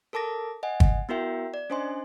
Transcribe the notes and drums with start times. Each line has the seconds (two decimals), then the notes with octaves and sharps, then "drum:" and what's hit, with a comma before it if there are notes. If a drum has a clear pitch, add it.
0.13 A4 A#4 A5 D6 A#6
0.63 D#5 F#5 G#5
0.80 drum: kick
1.09 B3 E4 F#4 A#4 E5 G5
1.54 D5
1.70 C#4 D4 C5 D#5 G#5 C6